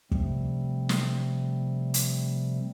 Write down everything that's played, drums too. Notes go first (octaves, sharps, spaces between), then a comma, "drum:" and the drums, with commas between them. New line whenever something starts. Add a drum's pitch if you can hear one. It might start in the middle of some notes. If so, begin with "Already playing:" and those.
C3 F3 G3 A3 C4, drum: kick
drum: snare
drum: hi-hat